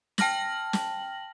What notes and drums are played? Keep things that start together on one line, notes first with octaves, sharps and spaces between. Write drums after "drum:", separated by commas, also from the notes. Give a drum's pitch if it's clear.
G5 A5 F6 A#6 F#7, drum: snare
drum: snare